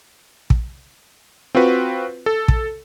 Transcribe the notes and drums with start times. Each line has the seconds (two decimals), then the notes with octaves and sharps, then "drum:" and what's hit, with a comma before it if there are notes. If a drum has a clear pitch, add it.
0.50 drum: kick
1.55 C4 F4 F#4 B4
2.26 A4
2.48 drum: kick